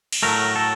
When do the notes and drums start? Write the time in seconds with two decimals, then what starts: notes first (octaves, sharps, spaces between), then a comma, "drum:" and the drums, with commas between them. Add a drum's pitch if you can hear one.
0.13 drum: cymbal
0.23 A2 F#3 A3 A#4
0.56 A4